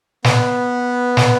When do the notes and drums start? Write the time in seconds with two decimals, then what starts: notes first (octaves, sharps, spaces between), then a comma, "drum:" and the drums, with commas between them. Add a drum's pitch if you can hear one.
0.24 B3, drum: snare
1.17 drum: snare